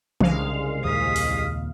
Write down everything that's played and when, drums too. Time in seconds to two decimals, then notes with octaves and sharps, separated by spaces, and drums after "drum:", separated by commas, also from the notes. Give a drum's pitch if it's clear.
0.21 C2 C#3 G#3 D4 F5, drum: tom
0.84 D#2 A#2 C#3 D#6 B6
1.16 drum: open hi-hat